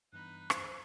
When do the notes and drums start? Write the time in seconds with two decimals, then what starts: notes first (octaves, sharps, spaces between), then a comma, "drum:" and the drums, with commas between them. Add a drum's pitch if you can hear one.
0.13 G2 E3 B3 D#4 B5 F#6
0.50 C5, drum: rim click